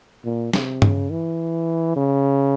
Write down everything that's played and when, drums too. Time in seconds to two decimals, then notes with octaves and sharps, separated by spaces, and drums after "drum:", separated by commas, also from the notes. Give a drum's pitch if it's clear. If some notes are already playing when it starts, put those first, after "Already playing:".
0.25 A#2
0.53 C3, drum: snare
0.82 C#3, drum: tom G2
1.10 E3
1.96 C#3